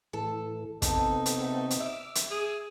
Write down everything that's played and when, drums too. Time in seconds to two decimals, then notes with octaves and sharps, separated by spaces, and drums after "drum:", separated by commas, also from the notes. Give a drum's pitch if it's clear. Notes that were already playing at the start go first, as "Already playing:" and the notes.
0.13 A2 E3 A4
0.82 C3 B3 C4 D#4 A4, drum: kick, hi-hat
1.26 drum: hi-hat
1.40 A3 A4
1.70 drum: hi-hat
1.80 E5 D6 E6 F6
2.15 drum: hi-hat
2.31 G#4 G#5 D6 E6